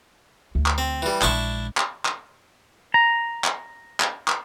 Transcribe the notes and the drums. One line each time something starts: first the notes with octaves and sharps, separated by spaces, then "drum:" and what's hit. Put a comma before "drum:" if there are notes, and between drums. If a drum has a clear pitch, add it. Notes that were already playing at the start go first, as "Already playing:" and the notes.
D2
drum: clap
C4
E3 G3
A#1 G#3 D4 E4 C#6, drum: clap
drum: clap
drum: clap
A#5
drum: clap
drum: clap
drum: clap